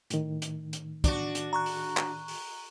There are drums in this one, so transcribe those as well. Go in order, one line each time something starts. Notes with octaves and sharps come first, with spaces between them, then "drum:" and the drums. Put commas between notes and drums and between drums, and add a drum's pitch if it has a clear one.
A2 D#3, drum: hi-hat
drum: hi-hat
drum: hi-hat
D4 F#4, drum: kick, hi-hat
drum: hi-hat
A#5 C#6 F#6
drum: open hi-hat
drum: clap
drum: open hi-hat